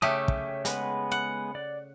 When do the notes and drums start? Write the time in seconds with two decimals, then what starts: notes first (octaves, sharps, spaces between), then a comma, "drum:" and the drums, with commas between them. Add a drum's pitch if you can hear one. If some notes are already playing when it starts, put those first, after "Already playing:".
0.02 C#3 A3 G4 C#5 E5 D#6
0.28 drum: kick
0.65 G#3 B3 B4, drum: hi-hat
1.11 F#5
1.55 D5